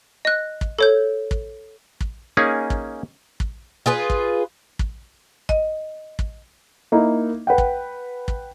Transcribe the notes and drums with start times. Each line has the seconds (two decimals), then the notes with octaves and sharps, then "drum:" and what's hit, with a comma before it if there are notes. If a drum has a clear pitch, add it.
0.25 D#5 F#6
0.61 drum: kick
0.79 A4 C#5 G6
1.31 drum: kick
2.01 drum: kick
2.37 A#3 C#4 D#4 G#4
2.70 drum: kick
3.40 drum: kick
3.86 F4 G#4 B4
4.10 drum: kick
4.79 drum: kick
5.49 D#5, drum: kick
6.19 drum: kick
6.92 A#3 D#4 E4
7.47 B4 F#5 G5
7.58 drum: kick
8.28 drum: kick